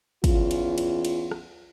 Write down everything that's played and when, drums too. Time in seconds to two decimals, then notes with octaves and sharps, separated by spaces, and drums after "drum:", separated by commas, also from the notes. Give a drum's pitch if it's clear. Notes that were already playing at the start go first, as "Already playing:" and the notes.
0.24 E2 C#4 F4, drum: kick, cymbal
0.51 drum: cymbal
0.78 drum: cymbal
1.05 drum: cymbal
1.31 drum: rim click